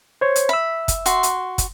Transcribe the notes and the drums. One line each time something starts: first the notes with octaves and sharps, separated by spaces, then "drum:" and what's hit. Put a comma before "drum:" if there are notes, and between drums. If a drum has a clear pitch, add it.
C5 C#5
drum: hi-hat
E5 B5 E6
drum: kick, hi-hat
F#4 C6, drum: hi-hat
drum: hi-hat
drum: kick, hi-hat